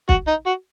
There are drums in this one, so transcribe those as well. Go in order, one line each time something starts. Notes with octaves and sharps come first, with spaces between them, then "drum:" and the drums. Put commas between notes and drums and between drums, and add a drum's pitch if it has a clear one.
F#4, drum: kick
D#4
F#4